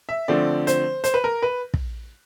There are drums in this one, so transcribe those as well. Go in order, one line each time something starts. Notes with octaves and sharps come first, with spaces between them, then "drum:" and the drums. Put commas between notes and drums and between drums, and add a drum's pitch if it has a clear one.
E5
D3 F3 A3 C4 D5
C5, drum: hi-hat
C5, drum: hi-hat
B4
A#4
B4
drum: kick